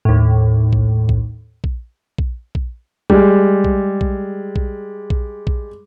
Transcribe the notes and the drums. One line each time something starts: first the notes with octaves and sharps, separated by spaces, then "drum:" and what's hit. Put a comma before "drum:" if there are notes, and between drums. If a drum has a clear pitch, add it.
D#2 A2
drum: kick A#1
drum: kick A#1
drum: kick A#1
drum: kick A#1
drum: kick A#1
G3 G#3, drum: kick A#1
drum: kick A#1
drum: kick A#1
drum: kick A#1
drum: kick A#1
drum: kick A#1